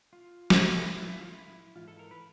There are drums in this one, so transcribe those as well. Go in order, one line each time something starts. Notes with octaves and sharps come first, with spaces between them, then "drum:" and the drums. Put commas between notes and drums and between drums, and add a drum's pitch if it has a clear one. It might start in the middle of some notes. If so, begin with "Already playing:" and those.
F4
drum: snare
A2 E3 E4
F4
E4
F4
E4
G#2 E3 F4
A4
A#4
B4